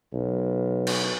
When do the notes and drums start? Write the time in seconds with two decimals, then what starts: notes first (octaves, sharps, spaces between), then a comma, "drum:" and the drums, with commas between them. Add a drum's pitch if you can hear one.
0.14 B1
0.87 drum: cymbal